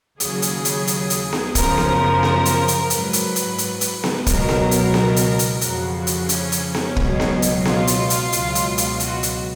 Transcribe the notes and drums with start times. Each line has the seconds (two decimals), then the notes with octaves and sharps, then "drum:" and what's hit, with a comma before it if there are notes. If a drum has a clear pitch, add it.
0.20 D#2 C#3 F#3 G#4, drum: hi-hat
0.42 drum: hi-hat
0.65 drum: hi-hat
0.87 drum: hi-hat
1.10 drum: hi-hat
1.33 drum: snare B3
1.55 F#2 C#3 F3 A#4, drum: kick, hi-hat
1.78 drum: snare B3
2.23 drum: snare B3
2.45 drum: hi-hat
2.68 drum: hi-hat
2.90 G#2 F#3 B4, drum: hi-hat
3.13 drum: hi-hat
3.36 drum: hi-hat
3.58 drum: hi-hat
3.81 drum: hi-hat
4.04 drum: snare B3
4.26 C#2 B2 F#3 A#4, drum: kick, hi-hat
4.49 drum: snare B3
4.71 drum: hi-hat
4.94 drum: snare B3
5.16 drum: hi-hat
5.39 drum: hi-hat
5.61 F2 C#3 F3 F#4, drum: hi-hat
6.07 drum: hi-hat
6.29 C#4, drum: hi-hat
6.52 drum: hi-hat
6.74 drum: snare B3
6.96 C#2 B2 F#3, drum: kick
7.20 drum: snare B3
7.42 drum: hi-hat
7.65 F4, drum: snare B3
7.87 drum: hi-hat
8.10 drum: hi-hat
8.32 C#2 B2 F#3, drum: hi-hat
8.55 drum: hi-hat
8.78 drum: hi-hat
9.00 F#4, drum: hi-hat
9.23 drum: hi-hat